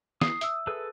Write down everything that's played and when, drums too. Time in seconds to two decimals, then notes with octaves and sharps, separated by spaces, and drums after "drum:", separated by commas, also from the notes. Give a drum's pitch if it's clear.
0.21 D#6 C7, drum: snare
0.41 E5 E6, drum: hi-hat
0.67 G#4 A4 B4